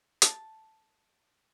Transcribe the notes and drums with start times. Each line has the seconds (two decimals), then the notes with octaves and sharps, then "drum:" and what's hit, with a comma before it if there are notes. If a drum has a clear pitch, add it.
0.22 A5, drum: hi-hat